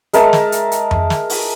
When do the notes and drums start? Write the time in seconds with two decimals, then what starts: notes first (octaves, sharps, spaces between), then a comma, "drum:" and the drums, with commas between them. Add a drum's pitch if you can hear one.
0.13 G#3 A#4 E5 A5, drum: hi-hat
0.33 drum: snare
0.52 drum: hi-hat
0.72 drum: hi-hat
0.91 drum: tom F2
1.10 drum: snare
1.30 drum: open hi-hat